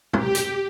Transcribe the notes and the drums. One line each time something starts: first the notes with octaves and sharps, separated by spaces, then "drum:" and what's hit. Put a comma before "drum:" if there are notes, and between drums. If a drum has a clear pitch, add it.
G4, drum: tom
drum: hi-hat